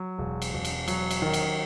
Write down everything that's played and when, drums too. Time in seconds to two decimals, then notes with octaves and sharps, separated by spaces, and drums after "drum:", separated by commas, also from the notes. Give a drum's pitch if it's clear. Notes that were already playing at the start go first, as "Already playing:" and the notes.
Already playing: F#3
0.18 E1
0.42 drum: cymbal
0.54 E1
0.65 drum: cymbal
0.88 F#3, drum: cymbal
1.11 drum: cymbal
1.22 D#3
1.33 drum: cymbal